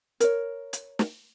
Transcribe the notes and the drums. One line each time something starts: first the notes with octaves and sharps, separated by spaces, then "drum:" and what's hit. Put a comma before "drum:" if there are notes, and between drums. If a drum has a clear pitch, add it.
A#4 C#5, drum: hi-hat
drum: hi-hat
drum: snare